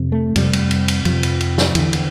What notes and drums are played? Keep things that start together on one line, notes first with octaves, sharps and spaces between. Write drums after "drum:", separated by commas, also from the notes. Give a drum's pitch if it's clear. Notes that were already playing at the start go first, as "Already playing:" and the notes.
Already playing: F2 C3
A3
F2 C3 G3, drum: cymbal
drum: cymbal
drum: cymbal
drum: cymbal
F2 C3 F3, drum: cymbal
drum: cymbal
drum: cymbal
drum: snare
E2 D3 E3, drum: cymbal
drum: cymbal